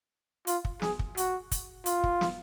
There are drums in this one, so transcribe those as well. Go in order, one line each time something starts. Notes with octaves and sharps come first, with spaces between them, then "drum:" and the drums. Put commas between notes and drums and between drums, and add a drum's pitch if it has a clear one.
F4, drum: hi-hat
drum: kick
G#4, drum: snare
drum: kick
F#4, drum: hi-hat
drum: kick, hi-hat
F4, drum: hi-hat
drum: kick
drum: snare